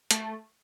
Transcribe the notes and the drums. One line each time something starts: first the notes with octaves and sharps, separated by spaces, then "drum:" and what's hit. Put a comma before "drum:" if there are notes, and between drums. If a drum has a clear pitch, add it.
A3, drum: hi-hat